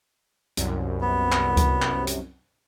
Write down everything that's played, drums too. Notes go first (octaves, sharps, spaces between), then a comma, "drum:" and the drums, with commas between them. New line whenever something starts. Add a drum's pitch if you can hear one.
C2 F#2, drum: hi-hat
B3
drum: clap
drum: kick C#2, hi-hat
drum: clap
drum: hi-hat